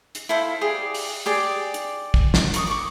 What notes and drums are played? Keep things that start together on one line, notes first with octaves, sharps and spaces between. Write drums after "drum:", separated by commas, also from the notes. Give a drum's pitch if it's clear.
drum: hi-hat
E4 A4 C5 F5
G4 G#4 D5
drum: open hi-hat
G4 G#4 D5
drum: hi-hat
drum: kick
drum: snare
A#4 C#6 D#6, drum: hi-hat
C#6 D6